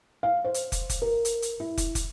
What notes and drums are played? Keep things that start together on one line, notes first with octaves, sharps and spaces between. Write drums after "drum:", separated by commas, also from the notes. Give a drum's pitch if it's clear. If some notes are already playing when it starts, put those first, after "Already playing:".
F5
C5
drum: hi-hat
drum: kick, hi-hat
drum: kick, hi-hat
A#4
drum: hi-hat
drum: hi-hat
E4
drum: kick, hi-hat
drum: kick, hi-hat